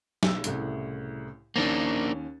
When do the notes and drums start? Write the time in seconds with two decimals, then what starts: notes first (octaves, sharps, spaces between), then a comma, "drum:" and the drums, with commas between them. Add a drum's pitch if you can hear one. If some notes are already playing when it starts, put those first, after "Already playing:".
0.23 B1 E6, drum: snare
0.44 C2 A2 C#3, drum: hi-hat
1.56 D#2 A#3 C#4 D4 A6